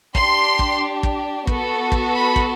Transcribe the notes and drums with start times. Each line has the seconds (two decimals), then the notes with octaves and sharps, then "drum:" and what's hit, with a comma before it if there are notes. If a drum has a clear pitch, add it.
0.15 D4 G4 C6, drum: kick
0.59 drum: kick
1.03 drum: kick
1.47 B3 F#4 A4, drum: kick
1.92 drum: kick
2.14 B5
2.36 drum: kick